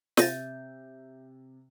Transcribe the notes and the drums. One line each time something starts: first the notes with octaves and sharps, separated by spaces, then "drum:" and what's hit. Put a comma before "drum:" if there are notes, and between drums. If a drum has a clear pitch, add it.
C3 E5 G6 A6 A#6 D#7, drum: snare